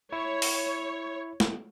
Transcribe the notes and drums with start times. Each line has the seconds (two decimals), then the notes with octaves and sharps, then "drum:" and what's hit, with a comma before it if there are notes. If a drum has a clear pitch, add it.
0.12 E4 C#5
0.42 drum: open hi-hat
1.40 drum: snare